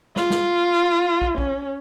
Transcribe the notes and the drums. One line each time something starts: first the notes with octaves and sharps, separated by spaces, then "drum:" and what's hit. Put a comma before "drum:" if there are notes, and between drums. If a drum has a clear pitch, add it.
F4, drum: snare
drum: snare
drum: kick
C#4, drum: kick